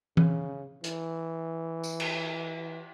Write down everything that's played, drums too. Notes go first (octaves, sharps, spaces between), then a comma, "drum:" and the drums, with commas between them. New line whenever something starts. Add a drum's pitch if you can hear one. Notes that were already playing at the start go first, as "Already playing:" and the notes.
C#3, drum: tom E3
E3, drum: hi-hat
drum: tambourine
drum: cymbal